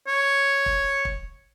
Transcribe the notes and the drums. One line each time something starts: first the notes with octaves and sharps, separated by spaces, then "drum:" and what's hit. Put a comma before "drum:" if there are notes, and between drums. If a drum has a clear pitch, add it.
C#5
drum: kick
drum: kick